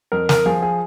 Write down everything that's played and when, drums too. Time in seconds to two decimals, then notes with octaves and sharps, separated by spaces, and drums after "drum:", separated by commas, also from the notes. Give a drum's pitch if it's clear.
0.12 F2 A#4
0.29 A#4, drum: snare
0.45 F3 G#4
0.62 G#4